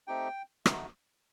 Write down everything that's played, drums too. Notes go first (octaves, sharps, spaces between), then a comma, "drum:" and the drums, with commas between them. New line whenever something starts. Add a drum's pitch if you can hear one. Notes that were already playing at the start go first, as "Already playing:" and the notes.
A3 C4 D#4 G4 G5
A3 D#4 F#4, drum: rim click